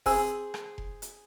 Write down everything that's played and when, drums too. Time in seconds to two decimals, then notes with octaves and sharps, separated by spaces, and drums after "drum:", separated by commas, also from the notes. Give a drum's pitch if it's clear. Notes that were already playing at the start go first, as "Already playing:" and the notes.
0.06 C4 G#4 G#5 E6, drum: kick F1, open hi-hat
0.54 drum: rim click
0.78 drum: kick F1
1.02 drum: hi-hat